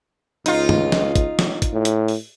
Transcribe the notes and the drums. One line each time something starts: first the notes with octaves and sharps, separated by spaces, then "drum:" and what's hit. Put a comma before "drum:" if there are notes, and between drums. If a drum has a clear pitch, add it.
C#2 D#4 F4, drum: hi-hat
drum: tom
drum: snare
drum: kick, hi-hat
drum: snare
drum: kick, hi-hat
A2
drum: hi-hat
drum: open hi-hat